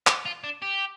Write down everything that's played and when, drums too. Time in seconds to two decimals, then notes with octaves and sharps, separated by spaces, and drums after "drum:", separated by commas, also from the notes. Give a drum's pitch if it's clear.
0.07 G4, drum: clap
0.26 F4
0.44 D4
0.62 G4